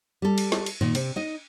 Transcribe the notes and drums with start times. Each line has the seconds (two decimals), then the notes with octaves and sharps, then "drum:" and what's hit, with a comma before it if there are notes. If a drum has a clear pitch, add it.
0.22 G3 A4
0.38 drum: cymbal
0.52 drum: snare
0.66 drum: cymbal
0.81 A#2 D#3
0.95 C3, drum: cymbal
1.16 D#4 D#5